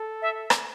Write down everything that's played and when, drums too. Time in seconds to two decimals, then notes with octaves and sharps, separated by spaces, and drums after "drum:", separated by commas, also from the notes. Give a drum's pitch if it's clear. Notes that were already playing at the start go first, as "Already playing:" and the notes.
Already playing: A4
0.22 E5
0.50 drum: rim click